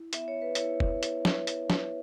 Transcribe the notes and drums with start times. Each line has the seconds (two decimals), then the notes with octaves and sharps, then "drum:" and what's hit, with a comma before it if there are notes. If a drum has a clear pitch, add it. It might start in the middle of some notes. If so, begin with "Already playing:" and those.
Already playing: E4
0.13 B3 E5, drum: hi-hat
0.28 C#5
0.42 B4
0.55 E4 C#5, drum: hi-hat
0.80 drum: kick
1.03 drum: hi-hat
1.25 drum: snare
1.47 drum: hi-hat
1.70 drum: snare